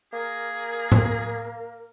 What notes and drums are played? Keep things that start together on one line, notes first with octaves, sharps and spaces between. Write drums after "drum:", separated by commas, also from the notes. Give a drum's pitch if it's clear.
A#3 G#4 A#4
drum: tom A2